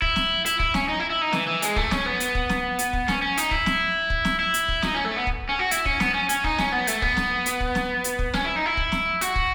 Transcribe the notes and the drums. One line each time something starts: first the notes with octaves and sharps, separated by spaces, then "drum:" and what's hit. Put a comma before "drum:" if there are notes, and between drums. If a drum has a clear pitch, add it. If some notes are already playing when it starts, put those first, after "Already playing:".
E4, drum: kick
drum: snare
E4, drum: hi-hat
E4, drum: kick
C#4, drum: snare
D#4
E4
E4
D#4
E3, drum: snare
E3
G#3, drum: hi-hat
A3, drum: kick
C#4, drum: snare
B3
drum: hi-hat
drum: kick
drum: snare
drum: hi-hat
drum: kick
C#4, drum: snare
C#4
D#4, drum: hi-hat
E4, drum: kick
drum: snare
drum: kick
drum: snare
E4
drum: hi-hat
drum: kick
D#4, drum: snare
C#4
A3
B3
drum: kick
C#4
F#4
E4, drum: hi-hat
C#4, drum: kick
B3, drum: snare
C#4
C#4, drum: hi-hat
D#4, drum: kick
C#4, drum: snare
B3
A3, drum: hi-hat
B3, drum: kick
drum: snare
drum: hi-hat
drum: kick
drum: snare
drum: hi-hat
drum: kick
C#4, drum: snare
E4
D#4
E4
drum: kick
drum: snare
F#4, drum: hi-hat
drum: kick